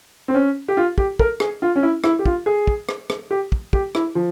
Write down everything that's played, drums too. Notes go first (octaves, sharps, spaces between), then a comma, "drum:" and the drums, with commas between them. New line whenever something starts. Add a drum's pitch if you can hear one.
C4
C#4
G4
F4
G4, drum: kick
A#4, drum: kick
G#4, drum: rim click
F4
C#4
E4
E4, drum: rim click
G4
F4, drum: kick
G#4
drum: kick
drum: rim click
drum: rim click
G4
drum: kick
G4, drum: kick
E4, drum: rim click
F3